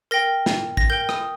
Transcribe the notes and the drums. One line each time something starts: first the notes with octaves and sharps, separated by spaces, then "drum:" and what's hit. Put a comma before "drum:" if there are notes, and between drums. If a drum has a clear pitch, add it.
A#4 G5 A#6
drum: snare
A#6, drum: kick A1
A#4 G5 G6
D#6, drum: rim click